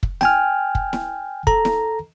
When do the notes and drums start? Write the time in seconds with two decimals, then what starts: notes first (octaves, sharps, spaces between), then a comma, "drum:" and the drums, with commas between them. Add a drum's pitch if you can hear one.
0.03 drum: kick
0.21 G5 G#5 F6, drum: snare E4
0.75 drum: kick
0.93 drum: snare E4
1.47 A4 A#5, drum: kick
1.65 drum: snare E4